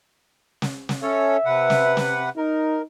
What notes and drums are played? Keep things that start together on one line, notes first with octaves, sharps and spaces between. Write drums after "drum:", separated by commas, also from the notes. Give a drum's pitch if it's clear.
drum: snare
drum: snare
C#4 A4 C#5 E5
C3 B4 F#5
drum: snare
drum: snare
D#4 A#4